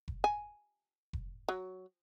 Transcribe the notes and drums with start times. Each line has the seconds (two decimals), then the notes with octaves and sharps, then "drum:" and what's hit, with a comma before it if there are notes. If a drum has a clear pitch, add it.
0.08 drum: kick F1
0.24 G#5
1.13 drum: kick F1
1.49 F#3